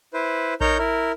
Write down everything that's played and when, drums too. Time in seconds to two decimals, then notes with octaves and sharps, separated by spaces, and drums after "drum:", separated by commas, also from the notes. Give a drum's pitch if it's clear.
0.14 E4 B4 C5
0.61 D#4 A#4 C#5 A#5 G6, drum: kick A#1
0.78 E4 A#4